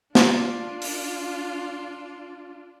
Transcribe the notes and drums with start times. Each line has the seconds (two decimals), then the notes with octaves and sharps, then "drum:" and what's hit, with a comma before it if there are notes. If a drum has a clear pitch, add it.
0.15 D4 F4, drum: snare
0.82 drum: open hi-hat